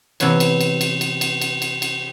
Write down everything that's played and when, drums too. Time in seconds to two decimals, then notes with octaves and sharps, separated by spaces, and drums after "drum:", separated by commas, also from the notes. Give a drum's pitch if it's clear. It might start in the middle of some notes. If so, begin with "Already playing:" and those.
0.20 C3 E3 B3 B4 C#5, drum: cymbal
0.40 drum: cymbal
0.61 drum: cymbal
0.81 drum: cymbal
1.01 drum: cymbal
1.21 drum: cymbal
1.41 drum: cymbal
1.62 drum: cymbal
1.82 drum: cymbal